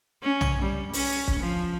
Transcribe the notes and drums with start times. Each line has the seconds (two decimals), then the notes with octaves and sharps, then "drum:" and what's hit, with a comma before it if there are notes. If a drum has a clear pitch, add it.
0.23 C#4
0.41 drum: tom
0.62 G3
0.93 C#4, drum: open hi-hat
1.28 drum: kick
1.39 F3